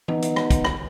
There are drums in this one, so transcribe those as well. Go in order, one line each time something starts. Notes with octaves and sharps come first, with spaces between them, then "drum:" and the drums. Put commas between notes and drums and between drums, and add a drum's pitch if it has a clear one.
B3 D#4, drum: tom E3
drum: hi-hat
drum: rim click
drum: kick, hi-hat
drum: rim click